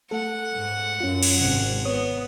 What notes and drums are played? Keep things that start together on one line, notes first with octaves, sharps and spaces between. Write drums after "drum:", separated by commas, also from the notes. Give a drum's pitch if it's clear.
A3 A4 F#5
G#2
F#2 C#4 F4
drum: cymbal
G#1 C3
B3 C#5 D#6